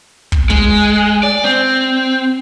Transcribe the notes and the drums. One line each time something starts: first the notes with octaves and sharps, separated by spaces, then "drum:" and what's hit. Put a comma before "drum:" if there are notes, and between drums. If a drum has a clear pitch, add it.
drum: kick
G#3, drum: kick
D5
C4